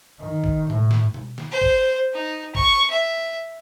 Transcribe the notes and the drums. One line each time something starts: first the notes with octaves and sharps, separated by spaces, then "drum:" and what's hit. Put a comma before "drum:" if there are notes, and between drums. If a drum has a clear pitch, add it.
D#3
drum: kick G#1
A2, drum: tom B2
drum: snare
drum: tom B2
drum: snare
C5
drum: kick G#1
D#4
C#6, drum: kick G#1
E5